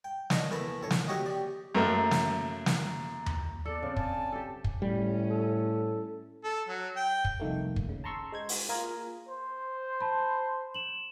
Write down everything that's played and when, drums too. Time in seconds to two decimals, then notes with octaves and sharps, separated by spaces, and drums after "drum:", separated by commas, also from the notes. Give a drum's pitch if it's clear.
0.04 G5
0.30 D4 C#5 D#5, drum: snare
0.51 E2 A3 E4 A#4 A5 B5
0.81 A#1 A4 C#5
0.91 drum: snare
1.07 D#4 F#4 G4 C#5 D#5 E5
1.26 G4 D5
1.75 F#2 A3 A#3
2.11 drum: snare
2.66 drum: snare
3.26 drum: tom D#2
3.65 B3 G#4 A4 D5
3.82 C#3 C4
3.96 D5 G#5 A5, drum: kick
4.32 G4 A4
4.64 drum: kick
4.82 A2 G3 C#4
5.30 A4
6.44 A4
6.68 F#3
6.96 G5
7.25 drum: kick
7.40 C2 F2 D#3 A3 A#3
7.76 drum: kick
7.89 C#3
8.04 A5 A#5 C6 C#6 E6
8.32 G#3 C5 G#6
8.49 drum: open hi-hat
8.69 A#3 F4 G#4 A#4 G#5
9.29 C5
10.01 A5 B5
10.74 E7 F#7